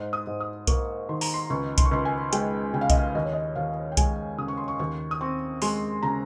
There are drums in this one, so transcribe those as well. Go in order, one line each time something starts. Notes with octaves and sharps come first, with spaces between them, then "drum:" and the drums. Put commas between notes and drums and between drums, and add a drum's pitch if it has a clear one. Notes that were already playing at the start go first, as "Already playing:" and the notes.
Already playing: G#2
D#6
G#2
D#6
A#3 C#6, drum: kick B1, hi-hat
D#3 C6
A#5, drum: open hi-hat
C6
C#2 C#6
C6, drum: kick B1, hi-hat
C#6
C#2 C6
G#5
G#3 G5, drum: hi-hat
C#3 G5
F5
D#5, drum: kick B1, hi-hat
F5
D#2 D#5
C#5
D#5
D#2 F5
G5
G#3 G#5, drum: kick B1, hi-hat
C#3 D#6
C#6
C6
C#6
D#2 C#6
D#6
C4 C#6
G#3 C6, drum: open hi-hat
C#3 A#5